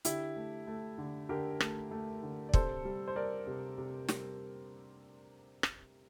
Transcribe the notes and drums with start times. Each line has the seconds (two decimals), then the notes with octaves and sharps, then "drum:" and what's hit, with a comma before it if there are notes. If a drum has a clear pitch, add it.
0.05 D3 E4 G4, drum: hi-hat
0.36 A3
0.67 A3
0.98 D3
1.29 D3 G4 A#4
1.60 A3, drum: rim click
1.91 A3
2.23 D3
2.49 D5
2.54 C3 A4 C5, drum: kick
2.85 G3
3.08 C5
3.16 G3 A#4 D5
3.47 C3
3.78 C3
4.08 G3, drum: snare
5.63 drum: rim click